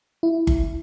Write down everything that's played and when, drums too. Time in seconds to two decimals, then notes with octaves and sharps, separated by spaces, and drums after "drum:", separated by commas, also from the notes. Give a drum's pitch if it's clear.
0.23 E4
0.47 drum: kick G1